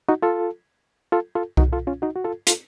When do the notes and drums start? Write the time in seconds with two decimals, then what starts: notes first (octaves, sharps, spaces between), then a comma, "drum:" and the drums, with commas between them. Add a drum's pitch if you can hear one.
0.09 D#4 F#4
0.22 F4 A4
1.12 F4 A4
1.35 F4 A4
1.57 D#4 F#4, drum: kick C2
1.72 F4 A4
1.87 C#4 F4
2.02 D#4 F#4
2.16 F#4
2.25 F4 A4
2.47 F4 A4, drum: hi-hat